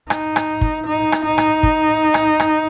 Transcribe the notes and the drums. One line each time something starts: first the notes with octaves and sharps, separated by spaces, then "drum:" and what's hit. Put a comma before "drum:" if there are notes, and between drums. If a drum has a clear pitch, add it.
D#4, drum: rim click
drum: rim click
drum: kick
D#4
drum: rim click
D#4
drum: rim click
drum: kick
drum: rim click
drum: rim click